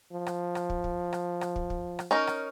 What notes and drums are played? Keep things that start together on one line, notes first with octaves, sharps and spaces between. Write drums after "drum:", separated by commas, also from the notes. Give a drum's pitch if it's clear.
F3
drum: rim click
drum: rim click
drum: kick
drum: kick
drum: rim click
drum: rim click
drum: kick
drum: kick
drum: rim click
C#4 D#4 A#4
drum: rim click